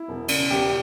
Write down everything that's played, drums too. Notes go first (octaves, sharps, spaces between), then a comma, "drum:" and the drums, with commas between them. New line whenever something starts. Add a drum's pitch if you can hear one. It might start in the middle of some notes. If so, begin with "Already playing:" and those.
Already playing: E4
E1
C#3, drum: cymbal
E1 G4